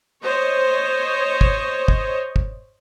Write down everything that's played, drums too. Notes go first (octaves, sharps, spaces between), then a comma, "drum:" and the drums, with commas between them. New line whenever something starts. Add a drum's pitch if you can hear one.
C5 C#5 D#5
drum: kick
drum: kick
drum: kick